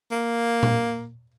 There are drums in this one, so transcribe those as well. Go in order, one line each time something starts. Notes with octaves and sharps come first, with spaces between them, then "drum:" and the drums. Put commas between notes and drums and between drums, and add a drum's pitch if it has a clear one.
A#3
drum: tom A#2